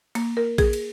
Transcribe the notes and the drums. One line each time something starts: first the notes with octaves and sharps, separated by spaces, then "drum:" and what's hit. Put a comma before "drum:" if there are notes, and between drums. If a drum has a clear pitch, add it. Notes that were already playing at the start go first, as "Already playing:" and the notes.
A#3, drum: cymbal
A#4
G#4, drum: kick A#1, cymbal
drum: cymbal